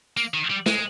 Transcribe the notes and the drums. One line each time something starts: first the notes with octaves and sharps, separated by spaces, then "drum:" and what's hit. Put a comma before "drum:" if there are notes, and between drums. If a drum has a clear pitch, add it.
A#3, drum: tambourine
D#3
G3
G#3, drum: snare